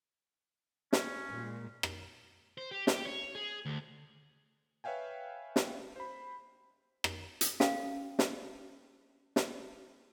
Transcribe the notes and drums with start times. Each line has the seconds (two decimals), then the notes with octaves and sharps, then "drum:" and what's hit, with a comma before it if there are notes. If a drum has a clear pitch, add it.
0.93 C#4, drum: snare
1.30 A#2 G#3
1.83 drum: rim click
2.58 C5
2.71 G4
2.87 G4, drum: snare
3.05 C#5
3.35 G#4
3.66 D2
4.84 B4 C#5 E5 F5 G5 G#5
5.56 drum: snare
5.96 C5 B5
7.04 drum: rim click
7.41 drum: hi-hat
7.60 C#4 A4 F5, drum: snare
8.19 drum: snare
9.36 drum: snare